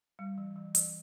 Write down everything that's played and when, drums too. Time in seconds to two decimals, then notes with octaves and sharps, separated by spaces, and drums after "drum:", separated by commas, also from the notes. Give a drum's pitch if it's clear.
0.19 G3
0.38 E3
0.56 E3
0.75 E3, drum: hi-hat